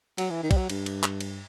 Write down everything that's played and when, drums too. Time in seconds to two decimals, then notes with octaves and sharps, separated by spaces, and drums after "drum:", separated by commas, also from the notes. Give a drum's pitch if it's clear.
0.18 F#3, drum: cymbal
0.31 E3
0.43 D#3
0.51 G3, drum: kick, cymbal
0.57 F#3
0.70 G2, drum: cymbal
0.86 drum: cymbal
1.03 drum: clap
1.21 drum: cymbal